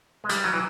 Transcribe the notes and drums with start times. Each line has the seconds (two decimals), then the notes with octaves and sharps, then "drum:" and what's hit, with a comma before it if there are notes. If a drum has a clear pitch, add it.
0.24 G#3
0.29 G3, drum: hi-hat
0.44 F#3
0.53 E3